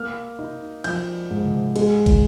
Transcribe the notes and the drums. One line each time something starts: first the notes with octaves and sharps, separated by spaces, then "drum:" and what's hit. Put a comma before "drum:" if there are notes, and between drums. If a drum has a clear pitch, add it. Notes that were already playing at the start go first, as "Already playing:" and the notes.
Already playing: A#3 F6
D#4
F3 G6, drum: cymbal
G#2
drum: tom C3
G#3, drum: cymbal
drum: kick, cymbal